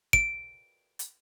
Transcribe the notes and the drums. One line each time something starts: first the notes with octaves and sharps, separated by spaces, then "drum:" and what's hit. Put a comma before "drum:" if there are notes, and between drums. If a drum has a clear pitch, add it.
D7, drum: kick
drum: hi-hat